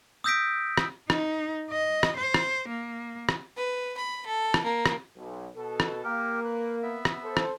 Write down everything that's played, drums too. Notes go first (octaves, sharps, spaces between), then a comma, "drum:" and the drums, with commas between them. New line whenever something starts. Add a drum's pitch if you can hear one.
D#6 E6 G6 A#6 B6 D7
drum: rim click
D#4, drum: rim click
D#5
drum: rim click
C5
drum: rim click
A#3
drum: rim click
B4
B5
A4
drum: rim click
A#3
drum: rim click
B1
B2 A4
drum: rim click
A#3 G4 A#4
B4 F#6
B3 E5
drum: rim click
A4 C5
drum: rim click